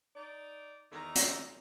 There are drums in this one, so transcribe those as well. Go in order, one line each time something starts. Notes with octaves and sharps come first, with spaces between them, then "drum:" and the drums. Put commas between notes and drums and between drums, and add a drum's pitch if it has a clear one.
D#4 D5
E2 D#3 A#5
drum: hi-hat